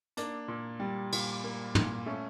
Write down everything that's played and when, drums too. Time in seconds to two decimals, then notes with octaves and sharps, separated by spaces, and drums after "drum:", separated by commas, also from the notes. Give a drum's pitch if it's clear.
0.17 A#3 D4, drum: hi-hat
0.48 A#2
0.80 G3
1.12 A#2, drum: cymbal
1.44 A#3
1.75 A#2, drum: tom
2.06 A3 C#4